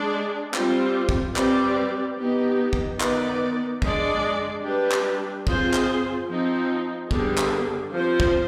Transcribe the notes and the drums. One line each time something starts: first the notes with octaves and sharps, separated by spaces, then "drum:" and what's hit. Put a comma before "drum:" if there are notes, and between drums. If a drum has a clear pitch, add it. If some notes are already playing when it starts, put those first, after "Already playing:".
Already playing: G#3 D4 G#4 D5
G3 C4 F4 C5, drum: clap
drum: kick
G3 C4 G4 B4 D5, drum: clap
B3 D#4 G4
drum: kick
D#3 B3 D#4 B4 D5, drum: clap
G#3 D4 G#4 D5, drum: kick
G3 D4 G4 B4
drum: clap
C4 F4 G#4 C5, drum: kick
drum: clap
F3 C4 D#4
D3 G3 B3 D4 G#4, drum: kick
drum: clap
F3 C4 F4 C5
drum: kick